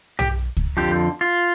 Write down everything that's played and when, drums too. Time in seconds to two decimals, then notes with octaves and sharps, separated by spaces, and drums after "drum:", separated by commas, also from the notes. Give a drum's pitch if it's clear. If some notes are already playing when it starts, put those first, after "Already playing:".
0.19 G4, drum: tom B1
0.57 drum: kick C#2
0.77 F2 D3 F3 G4
1.21 F4